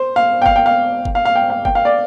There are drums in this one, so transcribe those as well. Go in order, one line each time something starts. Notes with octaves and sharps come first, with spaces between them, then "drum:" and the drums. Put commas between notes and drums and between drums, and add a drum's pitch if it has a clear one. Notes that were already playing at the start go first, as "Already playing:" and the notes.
Already playing: C5
F5
G5
F5, drum: kick F#1
G5
F5
drum: kick F#1
F5
F5
G5
F5
G5, drum: kick F#1
F5
D5